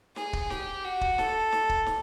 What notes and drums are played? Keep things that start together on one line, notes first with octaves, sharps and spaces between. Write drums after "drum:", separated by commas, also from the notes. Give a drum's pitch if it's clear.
G#4, drum: snare
drum: kick
G4, drum: snare
F#4
drum: kick
A4, drum: snare
drum: snare
drum: kick
drum: snare